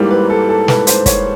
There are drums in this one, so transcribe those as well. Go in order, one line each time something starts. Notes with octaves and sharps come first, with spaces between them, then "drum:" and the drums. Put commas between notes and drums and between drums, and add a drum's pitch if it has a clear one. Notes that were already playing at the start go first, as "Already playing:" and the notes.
Already playing: G#1 G#2 E3 G3 A#3
B4
A4
A4
B4, drum: snare
C5, drum: hi-hat
C#5, drum: kick, hi-hat